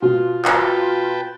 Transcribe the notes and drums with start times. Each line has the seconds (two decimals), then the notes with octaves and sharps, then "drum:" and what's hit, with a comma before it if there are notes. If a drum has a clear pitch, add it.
0.02 B2 F4
0.45 drum: clap
0.54 B4 G5 A5